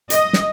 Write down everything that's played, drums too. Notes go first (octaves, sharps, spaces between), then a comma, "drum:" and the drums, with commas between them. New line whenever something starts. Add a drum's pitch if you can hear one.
D#5, drum: hi-hat
drum: snare